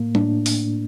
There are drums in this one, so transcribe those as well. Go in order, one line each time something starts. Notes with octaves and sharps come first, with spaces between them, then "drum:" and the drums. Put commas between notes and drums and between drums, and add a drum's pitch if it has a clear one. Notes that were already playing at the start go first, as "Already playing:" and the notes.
Already playing: A2 A#3
A2 D4, drum: tom
drum: open hi-hat